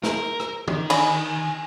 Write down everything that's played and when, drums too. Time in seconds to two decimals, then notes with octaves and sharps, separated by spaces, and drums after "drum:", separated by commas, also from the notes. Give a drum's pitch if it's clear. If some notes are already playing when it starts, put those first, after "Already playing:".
0.03 A#4, drum: snare
0.40 drum: rim click
0.68 D#3, drum: tom
0.90 D5 D#5 G#5 B5, drum: cymbal